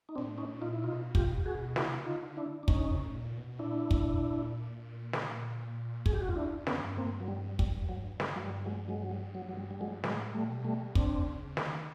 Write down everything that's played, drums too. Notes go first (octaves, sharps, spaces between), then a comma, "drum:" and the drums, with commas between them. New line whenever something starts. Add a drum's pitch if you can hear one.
D#4
A#2 C4 D4
A2
C#4 D#4
A#2
D#4 F4
E4
B2 D#4 F4
F4 G4, drum: kick
F#4 G#4
C3 E4 F#4, drum: snare
C#3
D3 D#4 F4
D4 E4
D4
C#3 C#4 D#4, drum: kick
C3
A2
A#2
B2
A#2 D4 E4
drum: kick
drum: snare
G#4, drum: kick
G4
F#4
F4
F2
E2 D4 E4
F2
B3 C#4, drum: snare
G2
A#3 C4
G2
F#3
G3
G3, drum: kick
F#3
G2 G3, drum: snare
F#3
G3
F#3 G#3
F#3 G#3
F#3
G3
F#3
F#3
G3
G3
F#3 G#3
A2 F#3 G#3, drum: snare
G3 A3
A#2
B2
G3 A3
C#3 C4 D4, drum: kick
C#3
D#3, drum: snare